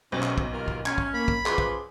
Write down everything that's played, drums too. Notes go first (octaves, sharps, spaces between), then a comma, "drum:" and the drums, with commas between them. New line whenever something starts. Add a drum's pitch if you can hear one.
B1 C3 C4 C#4
drum: clap
drum: kick
D#2 F4 A#4
drum: kick
C#4 G#6, drum: clap
drum: kick
A#3 B5
drum: kick
F3 C#4 G#4 B4 C6 D6, drum: clap
drum: kick